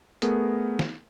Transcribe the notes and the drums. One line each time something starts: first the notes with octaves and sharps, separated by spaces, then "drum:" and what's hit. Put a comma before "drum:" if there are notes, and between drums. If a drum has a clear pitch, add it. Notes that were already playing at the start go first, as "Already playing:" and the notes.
A3 B3 G#4 A#4, drum: hi-hat
drum: snare